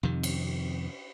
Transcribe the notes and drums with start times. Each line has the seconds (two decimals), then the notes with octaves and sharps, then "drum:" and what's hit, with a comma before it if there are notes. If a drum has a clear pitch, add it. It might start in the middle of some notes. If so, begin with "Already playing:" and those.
0.03 F2 C3 D#3
0.23 drum: cymbal